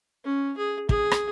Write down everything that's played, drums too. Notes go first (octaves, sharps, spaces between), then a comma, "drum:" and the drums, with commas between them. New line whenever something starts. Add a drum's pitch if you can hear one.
C#4
G#4
G#4, drum: kick
drum: rim click